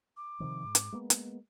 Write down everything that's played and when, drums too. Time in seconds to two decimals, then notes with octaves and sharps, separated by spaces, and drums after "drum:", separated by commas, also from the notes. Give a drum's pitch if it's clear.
0.17 D6
0.40 C3 D#3 F3
0.64 G#2
0.75 drum: hi-hat
0.92 G#3 A#3 B3
1.10 drum: hi-hat